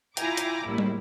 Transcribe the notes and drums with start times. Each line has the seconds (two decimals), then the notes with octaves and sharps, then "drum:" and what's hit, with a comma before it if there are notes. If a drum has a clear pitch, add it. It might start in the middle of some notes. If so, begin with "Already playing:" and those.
0.17 E4 F4 G5 G#5 A#5 D6, drum: hi-hat
0.37 drum: hi-hat
0.66 A#1 A2 G3 E4
0.78 drum: tom